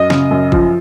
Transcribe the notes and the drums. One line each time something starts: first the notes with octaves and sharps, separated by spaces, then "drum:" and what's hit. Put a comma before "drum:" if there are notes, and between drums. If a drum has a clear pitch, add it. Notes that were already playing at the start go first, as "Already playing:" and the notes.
Already playing: F#2 D#5
C#3, drum: snare
F#2
F3, drum: kick